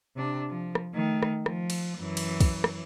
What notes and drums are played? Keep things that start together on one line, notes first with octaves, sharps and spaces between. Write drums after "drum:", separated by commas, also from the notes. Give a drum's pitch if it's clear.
C3 D4
F3
drum: rim click
D#3 A3
drum: rim click
F3, drum: rim click
drum: cymbal
F#2 E3
drum: cymbal
drum: kick, cymbal
drum: rim click